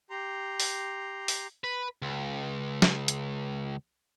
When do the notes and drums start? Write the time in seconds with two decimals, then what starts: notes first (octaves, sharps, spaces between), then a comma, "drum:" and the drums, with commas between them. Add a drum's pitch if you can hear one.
0.10 G4 A#5 C6
0.60 drum: open hi-hat
1.28 drum: open hi-hat
1.64 B4
2.02 C#2
2.82 drum: snare
3.08 drum: hi-hat